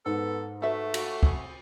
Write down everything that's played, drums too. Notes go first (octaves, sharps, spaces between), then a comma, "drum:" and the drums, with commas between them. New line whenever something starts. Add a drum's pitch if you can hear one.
G#2 B3 A4
A3 F#4 A4 B4 E5
F#4, drum: cymbal
C4 G#4, drum: kick